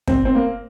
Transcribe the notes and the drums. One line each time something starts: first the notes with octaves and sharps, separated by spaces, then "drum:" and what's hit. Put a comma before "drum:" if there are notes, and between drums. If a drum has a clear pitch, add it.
C4, drum: kick
C4
A#3